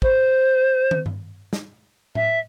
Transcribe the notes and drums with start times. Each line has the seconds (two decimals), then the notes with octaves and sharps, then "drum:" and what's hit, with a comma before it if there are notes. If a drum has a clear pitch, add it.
0.02 C5, drum: kick
0.91 drum: tom
1.06 drum: tom G2
1.53 drum: snare
2.15 E5, drum: tom A2